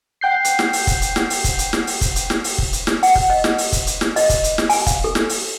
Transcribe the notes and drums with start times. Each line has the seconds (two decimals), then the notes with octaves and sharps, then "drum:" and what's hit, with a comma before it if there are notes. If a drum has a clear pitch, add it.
0.21 F#5 G5 G6 C7
0.45 drum: hi-hat
0.59 drum: snare
0.73 drum: open hi-hat
0.87 drum: kick, hi-hat
1.02 drum: hi-hat
1.16 drum: snare
1.30 drum: open hi-hat
1.44 drum: kick, hi-hat
1.59 drum: hi-hat
1.73 drum: snare
1.87 drum: open hi-hat
2.01 drum: kick, hi-hat
2.16 drum: hi-hat
2.30 drum: snare
2.44 drum: open hi-hat
2.58 drum: kick
2.73 drum: hi-hat
2.87 drum: snare
3.03 F#5, drum: open hi-hat
3.15 drum: kick
3.30 D#5
3.44 drum: snare
3.58 drum: open hi-hat
3.72 drum: kick, hi-hat
3.87 drum: hi-hat
4.01 drum: snare
4.16 D#5, drum: open hi-hat
4.30 drum: kick, hi-hat
4.44 drum: hi-hat
4.58 drum: snare
4.69 G#5, drum: open hi-hat
4.87 F5, drum: kick, hi-hat
5.04 A4
5.15 drum: snare
5.29 drum: open hi-hat